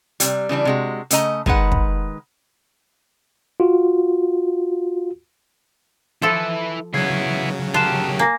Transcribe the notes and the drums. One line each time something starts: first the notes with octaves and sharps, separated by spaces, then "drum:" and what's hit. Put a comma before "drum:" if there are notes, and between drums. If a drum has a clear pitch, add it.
C3 G3, drum: hi-hat
C#3 E3 G3 D4
C3 G#3 F#4
C#3 A3 D#5 A#5, drum: hi-hat
D#3 G#3 B4 F#5, drum: kick
drum: kick
F4 F#4
F3 E4 A4 B4
C#3 F#3 B3 E4 G#6 C7
F4 G4 A#4 A5 F#6 E7
A#3 G#5 A#6